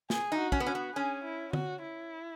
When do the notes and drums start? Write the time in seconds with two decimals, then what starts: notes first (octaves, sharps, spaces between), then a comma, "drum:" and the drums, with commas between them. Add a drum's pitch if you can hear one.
0.10 G#4, drum: snare
0.32 D#4
0.38 F#4
0.52 C#4, drum: kick
0.60 B3
0.66 C#4 F#4
0.75 B3
0.96 C#4 G#4
1.24 E4
1.53 F#4, drum: tom D3
1.82 E4